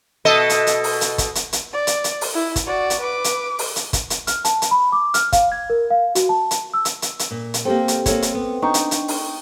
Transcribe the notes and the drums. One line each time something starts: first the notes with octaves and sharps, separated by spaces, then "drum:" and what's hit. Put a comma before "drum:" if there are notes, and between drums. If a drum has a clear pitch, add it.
B2 A4 D#5
drum: hi-hat
drum: hi-hat
drum: open hi-hat
drum: hi-hat
drum: kick, hi-hat
drum: hi-hat
drum: hi-hat
D5
drum: hi-hat
drum: hi-hat
drum: open hi-hat
E4
drum: kick, hi-hat
F#4 D5
drum: hi-hat
B4 D6
drum: hi-hat
drum: open hi-hat
drum: hi-hat
drum: kick, hi-hat
drum: hi-hat
F6, drum: hi-hat
A5, drum: hi-hat
drum: hi-hat
B5
D6
F6, drum: hi-hat
F5, drum: kick, hi-hat
G#6
A#4
F5
F#4, drum: hi-hat
A5
drum: hi-hat
E6
drum: hi-hat
drum: hi-hat
drum: hi-hat
A#2
drum: hi-hat
A#3 C4 G4 A4
drum: hi-hat
A#3 A4 C#5, drum: kick, hi-hat
drum: hi-hat
B3
D4 D#4 G5 C#6
drum: hi-hat
drum: hi-hat
drum: open hi-hat